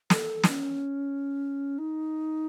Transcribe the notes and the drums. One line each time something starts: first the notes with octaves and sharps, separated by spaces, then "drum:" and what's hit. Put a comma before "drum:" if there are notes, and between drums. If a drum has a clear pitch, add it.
A4, drum: snare
D#4, drum: snare
C#4
D#4